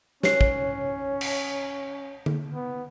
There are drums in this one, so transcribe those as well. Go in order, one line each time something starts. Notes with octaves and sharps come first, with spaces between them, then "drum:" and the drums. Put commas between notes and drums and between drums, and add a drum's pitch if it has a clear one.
C#4 C#5 C7, drum: snare
drum: kick
drum: cymbal
drum: tom D3
B3